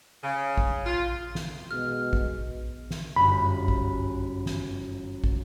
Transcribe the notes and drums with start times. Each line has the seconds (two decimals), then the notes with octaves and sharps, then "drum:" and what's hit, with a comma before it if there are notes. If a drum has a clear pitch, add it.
0.23 C#3
0.57 drum: kick
0.86 F4
1.35 drum: snare
1.71 B2 G#3 F6
2.13 drum: kick
2.91 drum: snare
3.16 G1 F#2 B5
3.68 drum: kick
4.46 drum: snare
5.24 drum: kick